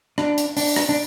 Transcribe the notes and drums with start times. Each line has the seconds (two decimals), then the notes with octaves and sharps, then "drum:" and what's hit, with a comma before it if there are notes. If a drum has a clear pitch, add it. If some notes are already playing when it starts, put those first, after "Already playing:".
0.18 D4, drum: rim click
0.38 drum: hi-hat
0.57 D4, drum: open hi-hat
0.76 drum: rim click
0.89 D4